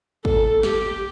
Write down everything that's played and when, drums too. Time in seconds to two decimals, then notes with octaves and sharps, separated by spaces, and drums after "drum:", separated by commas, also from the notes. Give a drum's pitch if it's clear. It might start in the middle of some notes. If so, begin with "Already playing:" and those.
0.25 A4, drum: kick
0.63 G4, drum: snare